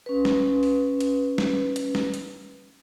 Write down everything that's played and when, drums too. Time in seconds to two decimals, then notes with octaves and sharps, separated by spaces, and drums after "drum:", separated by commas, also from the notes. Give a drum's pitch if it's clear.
0.06 C#4 B4
0.25 drum: snare
0.63 drum: open hi-hat
1.00 drum: hi-hat
1.38 drum: snare
1.76 drum: hi-hat
1.95 drum: snare
2.14 drum: hi-hat